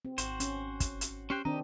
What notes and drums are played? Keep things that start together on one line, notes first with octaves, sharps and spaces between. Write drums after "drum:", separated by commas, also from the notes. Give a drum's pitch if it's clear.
C4
G#1 F#4 C5, drum: hi-hat
C#4, drum: hi-hat
drum: kick, hi-hat
drum: hi-hat
C#4 G4 C5 G5 F#6
D#3 C4 D4 G4 D#5 A#5